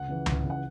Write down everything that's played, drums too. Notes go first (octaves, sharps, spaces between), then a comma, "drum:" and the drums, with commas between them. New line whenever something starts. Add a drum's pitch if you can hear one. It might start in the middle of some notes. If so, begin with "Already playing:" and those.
Already playing: C#2 F#5
C#3 E3
C#2, drum: tom C#2
C#3 E3
F#5